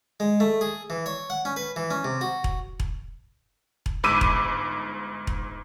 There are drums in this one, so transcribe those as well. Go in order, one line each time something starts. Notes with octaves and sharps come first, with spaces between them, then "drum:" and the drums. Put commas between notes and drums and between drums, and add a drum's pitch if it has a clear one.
G#3
A3
G#4
E3
C#5
F#5
C#4
B4
E3
C#4
C3
F#4
drum: kick E1
drum: kick E1
drum: kick E1
G1 G#2 B5 D6 E6 D#7
drum: kick E1
drum: kick E1